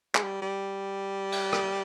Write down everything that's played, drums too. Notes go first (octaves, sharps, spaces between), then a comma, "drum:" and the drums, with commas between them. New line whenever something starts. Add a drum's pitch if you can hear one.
G#3, drum: clap
G3
G3
drum: cymbal
drum: rim click